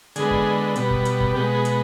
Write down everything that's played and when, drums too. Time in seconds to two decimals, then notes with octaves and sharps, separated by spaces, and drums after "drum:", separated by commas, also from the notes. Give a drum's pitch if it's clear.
0.16 D3 G#3 B3 G#4, drum: hi-hat
0.31 drum: kick
0.76 B2 G3 B3, drum: hi-hat
0.90 drum: kick
1.05 drum: hi-hat
1.20 drum: kick
1.34 B2 G#3 B3 G4
1.55 G#4
1.65 drum: hi-hat